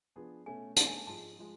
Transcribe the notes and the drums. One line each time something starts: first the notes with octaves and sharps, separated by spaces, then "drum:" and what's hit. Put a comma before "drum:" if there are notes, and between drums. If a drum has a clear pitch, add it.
F3 B3 D4 G#4
B2 A3 C#4 G#5
B2 A3 C#4 A5, drum: hi-hat
G#5
A5
G#2 F3 G#3 A5
F3 G#3